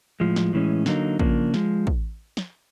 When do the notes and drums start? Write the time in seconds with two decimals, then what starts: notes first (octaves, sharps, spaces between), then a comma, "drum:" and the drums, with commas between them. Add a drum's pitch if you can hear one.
0.20 A2 F3 G#3
0.36 drum: snare
0.53 A2 E3 G#3 C#4
0.86 D3 F#3 A#3 D#4, drum: snare
1.19 C#3 F3 A#3 D4, drum: kick
1.54 F3 G#3, drum: snare
1.87 drum: kick
2.37 drum: snare